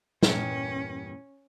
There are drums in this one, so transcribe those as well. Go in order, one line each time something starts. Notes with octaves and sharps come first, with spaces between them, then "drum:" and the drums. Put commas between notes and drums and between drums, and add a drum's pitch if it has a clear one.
E2 G2 A#2 C#4, drum: snare